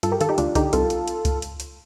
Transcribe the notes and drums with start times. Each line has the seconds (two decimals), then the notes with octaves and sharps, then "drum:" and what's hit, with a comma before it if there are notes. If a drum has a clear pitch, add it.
0.03 G2 F4 A4, drum: hi-hat
0.12 G4 A#4
0.21 D#3 F4 A4, drum: hi-hat
0.29 D#4 G4
0.38 D2 D4 F4, drum: hi-hat
0.55 D3 D#4 G4, drum: kick C#2, hi-hat
0.73 C2 F4 A4, drum: hi-hat
0.90 drum: hi-hat
1.08 drum: hi-hat
1.25 drum: kick C#2, hi-hat
1.42 drum: hi-hat
1.60 drum: hi-hat